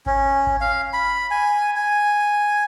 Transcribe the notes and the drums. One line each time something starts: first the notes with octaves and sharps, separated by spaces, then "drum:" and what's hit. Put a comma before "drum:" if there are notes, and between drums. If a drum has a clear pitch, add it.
C#4, drum: kick G#1
drum: kick G#1
F5
B5
G#5
G#5